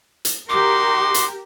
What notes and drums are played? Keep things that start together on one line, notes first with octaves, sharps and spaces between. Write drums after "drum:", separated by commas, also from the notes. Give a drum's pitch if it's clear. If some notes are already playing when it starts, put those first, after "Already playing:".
drum: hi-hat
D#4 F#4 G4 A#4 C6 D6
drum: hi-hat